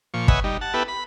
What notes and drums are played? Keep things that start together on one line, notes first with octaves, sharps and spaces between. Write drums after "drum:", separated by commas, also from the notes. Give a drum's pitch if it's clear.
A#2 F3 C#6
B4 C#5 D#5 E5 F#5 G#5, drum: kick
G3 D#4
F#5 A5
B3 E4 G4 A4 B4
B5